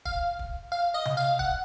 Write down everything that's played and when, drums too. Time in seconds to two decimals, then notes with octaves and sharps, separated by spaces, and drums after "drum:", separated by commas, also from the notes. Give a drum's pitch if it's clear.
0.05 F5, drum: kick
0.39 drum: kick
0.72 F5
0.94 D#5
1.05 drum: tom C3
1.17 F5
1.39 F#5, drum: kick